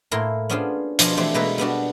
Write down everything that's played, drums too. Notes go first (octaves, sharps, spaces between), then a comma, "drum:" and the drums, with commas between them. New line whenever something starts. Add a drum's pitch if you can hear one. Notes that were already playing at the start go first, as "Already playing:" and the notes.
A2 A#3 E4 A#4 C6
B3 C#4 D4 F4 G#4 C5
B2 F3 D4 C5 D#5 G#5, drum: hi-hat
E3 A3 C4 G4 C5
B2 G#3 A#3 B4 E5
G3 B3 D4 F#4